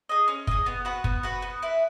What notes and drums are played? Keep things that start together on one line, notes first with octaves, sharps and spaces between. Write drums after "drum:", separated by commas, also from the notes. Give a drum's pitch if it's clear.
G#4 D#5
C#4
G#4 D#5, drum: kick
B3
F#4 B4 F#5
B3, drum: kick
F#4 B4 F#5
B3
E4 B4